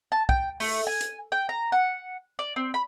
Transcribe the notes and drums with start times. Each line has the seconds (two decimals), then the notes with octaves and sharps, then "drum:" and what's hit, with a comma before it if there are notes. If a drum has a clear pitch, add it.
0.12 A5
0.29 G5, drum: kick
0.60 A3, drum: open hi-hat
0.87 G#5
1.01 drum: hi-hat
1.32 G5
1.49 A#5
1.72 F#5
2.39 D5
2.56 C4
2.74 B5